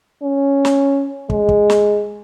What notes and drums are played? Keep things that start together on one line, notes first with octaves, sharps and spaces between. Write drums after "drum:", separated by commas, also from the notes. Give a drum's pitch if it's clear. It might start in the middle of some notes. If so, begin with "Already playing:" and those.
C#4
drum: snare
G#3, drum: kick
drum: kick
drum: snare